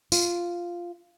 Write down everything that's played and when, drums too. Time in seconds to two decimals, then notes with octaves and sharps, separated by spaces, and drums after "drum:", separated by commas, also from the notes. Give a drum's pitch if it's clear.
0.12 F4, drum: tambourine